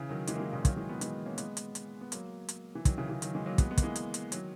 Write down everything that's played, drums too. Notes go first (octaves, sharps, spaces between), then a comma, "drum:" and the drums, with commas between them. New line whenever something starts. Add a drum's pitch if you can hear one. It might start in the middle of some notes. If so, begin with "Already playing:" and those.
Already playing: C#3 E3
D#3 F#3
E3 G#3, drum: hi-hat
A#3
E3 G#3
A#2 C#3
D#3 F#3, drum: kick, hi-hat
E3 G#3
G#3 B3
E3 G#3, drum: hi-hat
A#3 C#4
G#3 B3, drum: hi-hat
drum: hi-hat
drum: hi-hat
B3
F#3 A#3, drum: hi-hat
drum: hi-hat
E3
D#3 F#3, drum: kick, hi-hat
C#3 E3
C#3 E3
D#3 F#3, drum: hi-hat
E3 G#3
F#3 A#3
G#3 B3, drum: kick, hi-hat
G#3 B3
A#3, drum: kick, hi-hat
E3 G#3
drum: hi-hat
drum: hi-hat
D#3 F#3, drum: hi-hat